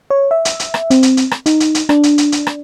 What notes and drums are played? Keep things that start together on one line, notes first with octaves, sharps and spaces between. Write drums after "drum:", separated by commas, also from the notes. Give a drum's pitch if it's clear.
C#5
E5
drum: hi-hat
drum: hi-hat
drum: rim click
C4, drum: hi-hat
drum: hi-hat
drum: hi-hat
drum: rim click
D#4, drum: hi-hat
drum: hi-hat
drum: hi-hat
D4, drum: rim click
drum: hi-hat
drum: hi-hat
drum: hi-hat
drum: rim click